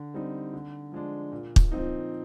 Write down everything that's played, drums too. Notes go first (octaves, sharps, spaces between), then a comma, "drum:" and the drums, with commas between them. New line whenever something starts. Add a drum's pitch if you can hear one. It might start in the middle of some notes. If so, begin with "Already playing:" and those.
Already playing: D3
G3 C4 D#4
D3
F3 G#3 D4
A#2
drum: kick
F3 C4 D#4